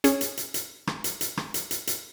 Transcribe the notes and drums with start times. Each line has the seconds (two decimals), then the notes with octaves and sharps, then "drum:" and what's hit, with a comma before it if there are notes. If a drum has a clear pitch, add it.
0.04 C#4 G#4, drum: hi-hat
0.21 drum: hi-hat
0.37 drum: hi-hat
0.54 drum: hi-hat
0.87 drum: rim click
1.04 drum: hi-hat
1.21 drum: hi-hat
1.37 drum: rim click
1.54 drum: hi-hat
1.71 drum: hi-hat
1.87 drum: hi-hat